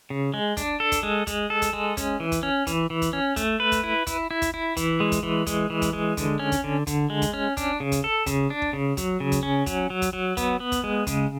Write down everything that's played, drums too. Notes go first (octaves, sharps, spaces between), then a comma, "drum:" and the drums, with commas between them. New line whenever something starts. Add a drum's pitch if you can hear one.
C#3
G#3
D4, drum: kick, hi-hat
A4
drum: kick, hi-hat
G#3
G#3, drum: kick, hi-hat
A4
drum: kick, hi-hat
G#3
C#4, drum: kick, hi-hat
E3
drum: kick, hi-hat
C#4
E3, drum: kick, hi-hat
E3
drum: kick, hi-hat
C#4
A3, drum: kick, hi-hat
B4
drum: kick, hi-hat
E4
E4, drum: kick, hi-hat
E4
drum: kick, hi-hat
E4
E3, drum: kick, hi-hat
G#3
drum: kick, hi-hat
E3
G#3, drum: kick, hi-hat
E3
drum: kick, hi-hat
G#3
D3, drum: kick, hi-hat
C#4
drum: kick, hi-hat
D3
D3, drum: kick, hi-hat
G#3
drum: kick, hi-hat
C#4
D4, drum: kick, hi-hat
C#3
drum: kick, hi-hat
A4
C#3, drum: kick, hi-hat
D4
drum: kick
C#3
F#3, drum: kick, hi-hat
C#3
drum: kick, hi-hat
C#4
F#3, drum: kick, hi-hat
F#3
drum: kick, hi-hat
F#3
B3, drum: kick, hi-hat
B3
drum: kick, hi-hat
G#3
C#3, drum: kick, hi-hat